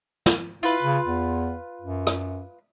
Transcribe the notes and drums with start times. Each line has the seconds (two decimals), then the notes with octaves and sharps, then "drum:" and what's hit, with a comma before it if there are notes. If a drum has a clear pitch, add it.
0.26 drum: snare
0.63 E4 F4 B4
0.83 C#3
1.05 E2
1.81 F#2
2.07 drum: rim click